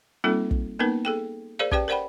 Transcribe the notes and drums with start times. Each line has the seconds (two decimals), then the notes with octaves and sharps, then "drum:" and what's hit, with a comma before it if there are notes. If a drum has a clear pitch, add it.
0.24 G3 A#3 C4 D#4 F4 A4
0.51 drum: kick
0.79 A#3 B3 C#4 D#4 A#4 B4
1.05 G#4 A4 G5
1.59 G#4 A#4 C5 D5 F5
1.71 C#4 G4 B4 D5 G5, drum: kick
1.88 A#4 C5 D5 F#5 G5 B5